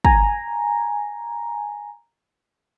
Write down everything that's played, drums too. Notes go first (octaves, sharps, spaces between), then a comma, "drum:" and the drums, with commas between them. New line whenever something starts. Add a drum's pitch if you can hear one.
G#5 A#5, drum: kick